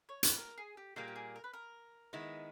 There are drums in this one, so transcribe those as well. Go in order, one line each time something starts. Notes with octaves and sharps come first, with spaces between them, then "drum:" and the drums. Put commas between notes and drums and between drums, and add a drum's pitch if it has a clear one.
C#5
B4, drum: hi-hat
A#4
G#4
G4
A#2 G3 A#3 G#4
G4
G#4
A#4
B4
A#4
D#3 G#3 B3 E4